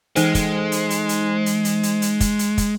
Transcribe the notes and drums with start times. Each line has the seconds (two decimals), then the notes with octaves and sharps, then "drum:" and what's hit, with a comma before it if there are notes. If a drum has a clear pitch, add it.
0.16 E3 G#3 D#4 C5, drum: hi-hat
0.35 drum: kick, hi-hat
0.72 drum: hi-hat
0.90 drum: hi-hat
1.09 drum: hi-hat
1.46 drum: hi-hat
1.65 drum: hi-hat
1.83 drum: hi-hat
2.02 drum: hi-hat
2.20 drum: kick, hi-hat
2.39 drum: hi-hat
2.58 drum: kick, hi-hat